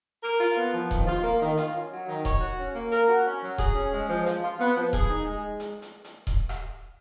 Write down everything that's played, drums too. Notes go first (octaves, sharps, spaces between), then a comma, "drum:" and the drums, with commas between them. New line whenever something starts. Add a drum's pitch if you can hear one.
A#4
F4
B3
F3
D#3, drum: kick D#1, hi-hat
F4
A#3
D#3
F4, drum: hi-hat
C#4
F#3
D#3
C#5, drum: kick D#1, hi-hat
F#4
C#4
A#3
A#4, drum: hi-hat
F#4
C#4
F#3
G#4, drum: kick D#1, hi-hat
C#4
G#3
F3
F3, drum: hi-hat
F4
B3
F3
G#4, drum: kick D#1, hi-hat
D#4
G#3
drum: hi-hat
drum: hi-hat
drum: hi-hat
drum: kick D#1, hi-hat
drum: rim click